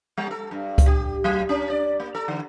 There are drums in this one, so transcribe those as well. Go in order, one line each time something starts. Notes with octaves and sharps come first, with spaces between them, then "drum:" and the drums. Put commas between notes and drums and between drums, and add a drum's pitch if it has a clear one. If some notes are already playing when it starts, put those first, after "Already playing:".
G3
A4
G2
drum: kick C#2, hi-hat
G4
F#3
C#4
D5
A#3
A4
D3